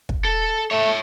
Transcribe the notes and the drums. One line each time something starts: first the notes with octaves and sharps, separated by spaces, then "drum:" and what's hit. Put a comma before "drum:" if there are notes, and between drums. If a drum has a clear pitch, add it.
drum: kick
A4
A3 C#5 E5